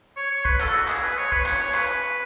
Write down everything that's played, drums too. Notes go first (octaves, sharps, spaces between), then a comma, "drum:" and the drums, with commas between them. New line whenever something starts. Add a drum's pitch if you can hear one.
C#5
C#5
B4, drum: kick
A4, drum: clap
F#4
G#4, drum: clap
B4
C#5
B4, drum: kick
C#5, drum: clap
C#5
B4, drum: clap